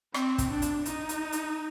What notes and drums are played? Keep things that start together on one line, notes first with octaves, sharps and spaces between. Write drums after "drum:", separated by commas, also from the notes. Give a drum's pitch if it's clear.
C4, drum: rim click
drum: kick, hi-hat
D4
drum: hi-hat
D#4, drum: hi-hat
drum: hi-hat
drum: hi-hat